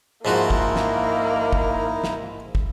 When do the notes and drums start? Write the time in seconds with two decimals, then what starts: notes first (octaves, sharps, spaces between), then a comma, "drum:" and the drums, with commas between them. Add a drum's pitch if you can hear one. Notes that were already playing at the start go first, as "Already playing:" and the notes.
0.25 G#2 F3 A#3 D#4 E4 F#4
0.50 drum: kick
0.76 drum: snare
1.53 drum: kick
2.04 drum: snare
2.55 drum: kick